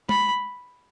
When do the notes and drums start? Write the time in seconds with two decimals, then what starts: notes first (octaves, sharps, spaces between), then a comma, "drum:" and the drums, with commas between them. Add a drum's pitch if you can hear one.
0.09 B5, drum: tom G#3